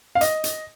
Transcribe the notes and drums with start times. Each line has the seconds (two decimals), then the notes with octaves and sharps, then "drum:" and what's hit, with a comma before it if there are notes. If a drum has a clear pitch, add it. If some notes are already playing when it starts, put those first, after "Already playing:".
0.15 F5
0.21 D#5, drum: hi-hat
0.44 drum: hi-hat